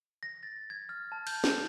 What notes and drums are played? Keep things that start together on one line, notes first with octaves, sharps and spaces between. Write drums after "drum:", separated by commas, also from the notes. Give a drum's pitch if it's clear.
A#6
A6
G#6
F6
A5
G6, drum: cymbal
G6, drum: snare